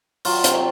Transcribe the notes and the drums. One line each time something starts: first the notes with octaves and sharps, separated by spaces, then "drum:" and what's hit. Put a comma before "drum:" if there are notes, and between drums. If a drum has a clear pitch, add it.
F#3 F4, drum: open hi-hat
C3 F4, drum: hi-hat